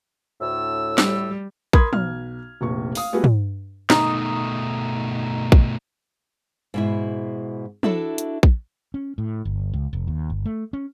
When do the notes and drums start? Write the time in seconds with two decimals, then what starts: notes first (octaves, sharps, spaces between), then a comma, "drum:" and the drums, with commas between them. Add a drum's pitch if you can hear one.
0.41 D2 A2 E6
0.98 G3, drum: snare
1.73 A#4 B5 C6 D#6 G#6, drum: kick
1.93 B1 F6, drum: tom
2.61 F1 A#1 C#6
2.95 F5 D#6, drum: open hi-hat
3.13 G3 A3 B3 F4 F#4 G#4
3.24 drum: tom
3.90 B2 A3 D#4, drum: snare
5.52 drum: kick
6.74 G#2 B2 E4
7.83 D4 E4 F#4 A4, drum: tom
8.18 drum: hi-hat
8.43 drum: kick
8.94 C#4
9.18 A2
9.45 G1
9.74 C#2
9.93 F1
10.08 D#2
10.30 G1
10.46 A3
10.73 C#4